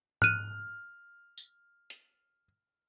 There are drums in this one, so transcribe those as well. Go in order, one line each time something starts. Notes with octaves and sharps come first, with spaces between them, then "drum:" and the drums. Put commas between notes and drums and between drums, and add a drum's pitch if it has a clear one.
F6 F#6 D#7, drum: tom G#2
drum: tambourine
drum: hi-hat